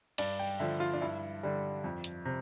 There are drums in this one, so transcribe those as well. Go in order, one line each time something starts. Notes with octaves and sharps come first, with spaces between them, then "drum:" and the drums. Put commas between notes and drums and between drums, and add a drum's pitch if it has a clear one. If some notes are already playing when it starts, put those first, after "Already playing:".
G2 D5, drum: cymbal
G5
D3 F3 E5
F4
D4
G2 E4
D3 G3
F2
drum: hi-hat
C3